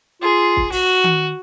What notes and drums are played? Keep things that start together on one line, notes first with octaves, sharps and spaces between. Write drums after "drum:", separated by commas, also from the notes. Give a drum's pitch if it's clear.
F4 G#4
drum: kick
F#4, drum: open hi-hat
drum: tom D#3